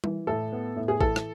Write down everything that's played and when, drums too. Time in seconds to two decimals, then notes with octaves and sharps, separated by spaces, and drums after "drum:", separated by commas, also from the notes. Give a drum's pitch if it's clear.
0.04 E3, drum: tom G3
0.27 A2 A4
0.52 B3
0.76 A2
0.88 G#4
1.01 E3 A4, drum: kick A1
1.16 drum: rim click